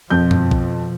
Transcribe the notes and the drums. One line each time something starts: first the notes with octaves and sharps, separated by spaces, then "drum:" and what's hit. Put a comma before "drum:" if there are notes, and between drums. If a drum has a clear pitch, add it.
F2 B2 F3 G6
drum: tom F#2
drum: kick